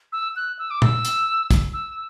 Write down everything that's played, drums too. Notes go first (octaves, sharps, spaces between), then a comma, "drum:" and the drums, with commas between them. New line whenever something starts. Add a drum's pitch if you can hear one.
E6
F#6
E6
D6
E6, drum: tom
drum: hi-hat
drum: kick, hi-hat
E6